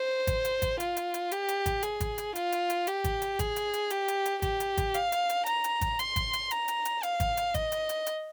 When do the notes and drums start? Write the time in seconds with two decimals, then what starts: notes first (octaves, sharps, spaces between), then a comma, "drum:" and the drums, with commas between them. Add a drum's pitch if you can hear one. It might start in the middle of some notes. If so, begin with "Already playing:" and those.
Already playing: C5
0.27 drum: kick G#1, hi-hat
0.45 drum: hi-hat
0.62 drum: kick G#1, hi-hat
0.80 F4, drum: hi-hat
0.97 drum: hi-hat
1.14 drum: hi-hat
1.31 G4, drum: hi-hat
1.49 drum: hi-hat
1.66 drum: kick G#1, hi-hat
1.83 G#4, drum: hi-hat
2.00 drum: kick G#1, hi-hat
2.18 drum: hi-hat
2.36 F4, drum: hi-hat
2.52 drum: hi-hat
2.70 drum: hi-hat
2.87 G4, drum: hi-hat
3.04 drum: kick G#1, hi-hat
3.22 drum: hi-hat
3.39 G#4, drum: kick G#1, hi-hat
3.56 drum: hi-hat
3.74 drum: hi-hat
3.90 G4, drum: hi-hat
4.08 drum: hi-hat
4.26 drum: hi-hat
4.42 G4, drum: kick G#1, hi-hat
4.60 drum: hi-hat
4.77 drum: kick G#1, hi-hat
4.94 F5, drum: hi-hat
5.12 drum: hi-hat
5.29 drum: hi-hat
5.46 A#5, drum: hi-hat
5.64 drum: hi-hat
5.81 drum: kick G#1, hi-hat
5.99 C6, drum: hi-hat
6.16 drum: kick G#1, hi-hat
6.33 drum: hi-hat
6.51 A#5, drum: hi-hat
6.68 drum: hi-hat
6.85 drum: hi-hat
7.03 F5, drum: hi-hat
7.20 drum: kick G#1, hi-hat
7.37 drum: hi-hat
7.54 D#5, drum: kick G#1, hi-hat
7.72 drum: hi-hat
7.89 drum: hi-hat
8.06 drum: hi-hat